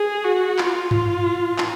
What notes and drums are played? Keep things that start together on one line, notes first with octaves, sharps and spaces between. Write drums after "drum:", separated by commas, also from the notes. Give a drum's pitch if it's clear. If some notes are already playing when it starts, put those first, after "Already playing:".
Already playing: G#4
F#4
F4, drum: clap
F4, drum: tom G2
drum: clap